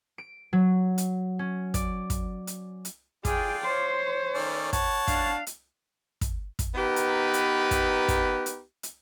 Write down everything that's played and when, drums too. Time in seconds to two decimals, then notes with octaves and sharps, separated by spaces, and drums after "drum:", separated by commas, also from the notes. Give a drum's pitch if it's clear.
0.18 D7
0.53 F#3
0.98 drum: hi-hat
1.39 C#4
1.74 D5, drum: kick, hi-hat
2.10 drum: kick, hi-hat
2.47 drum: hi-hat
2.85 drum: hi-hat
3.25 F4 G#4 D5 G5, drum: kick, hi-hat
3.64 C5 C#5 C6
4.34 D#3 A3 C#4 D5
4.73 C#5 F#5 A5, drum: kick, hi-hat
5.08 D4 F5, drum: kick, hi-hat
5.47 drum: hi-hat
6.21 drum: kick, hi-hat
6.59 drum: kick, hi-hat
6.75 B3 D#4 G4 A#4 B4
6.96 drum: hi-hat
7.34 drum: hi-hat
7.71 drum: kick, hi-hat
8.08 drum: kick, hi-hat
8.46 drum: hi-hat
8.83 drum: hi-hat